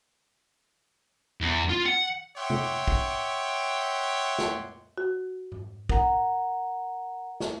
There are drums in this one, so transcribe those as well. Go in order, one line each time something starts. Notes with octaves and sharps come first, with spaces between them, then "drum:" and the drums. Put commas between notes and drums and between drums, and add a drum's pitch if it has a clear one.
E2
F4
F#5
C#5 E5 F#5 G5 C6 D6
drum: tom C3
drum: kick
drum: snare
F#4
drum: tom G#2
A#4 F#5 A#5, drum: kick
drum: snare